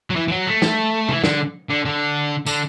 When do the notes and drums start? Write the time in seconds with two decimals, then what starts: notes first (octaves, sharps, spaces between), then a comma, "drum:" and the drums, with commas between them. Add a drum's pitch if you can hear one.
0.10 F#3
0.16 E3
0.28 E3
0.32 F#3
0.47 A3
0.62 drum: snare
1.09 E3, drum: tom C3
1.24 D3, drum: snare
1.70 D3
1.86 D3
2.46 D3, drum: tambourine